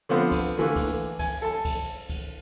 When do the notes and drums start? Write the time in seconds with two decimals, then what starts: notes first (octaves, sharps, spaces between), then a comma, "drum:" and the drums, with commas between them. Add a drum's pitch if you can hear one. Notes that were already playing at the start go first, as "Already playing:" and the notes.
0.09 D3 F3 B3 C4
0.31 drum: kick, cymbal
0.58 D3 E3 A3 A#3
0.76 drum: kick, cymbal
1.19 G#5, drum: kick, cymbal
1.42 A4 A5
1.65 drum: kick, cymbal
2.10 drum: kick, cymbal